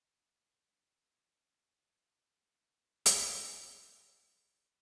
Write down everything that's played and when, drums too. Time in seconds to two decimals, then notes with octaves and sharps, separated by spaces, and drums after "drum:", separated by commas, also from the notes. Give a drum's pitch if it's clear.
0.20 A3
0.92 F#5 G5 E7
1.19 D#6 E6 G6 D7 D#7 F7
1.40 A4
1.74 B4 E5 F5 G5 C#6
2.48 A2 D#4 A#4 C#5 A#5
3.06 drum: hi-hat